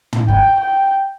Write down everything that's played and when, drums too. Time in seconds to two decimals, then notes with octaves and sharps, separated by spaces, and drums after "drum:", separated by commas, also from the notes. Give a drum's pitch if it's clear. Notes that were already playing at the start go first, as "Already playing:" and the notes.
0.13 drum: tom
0.28 G5, drum: kick
0.60 G5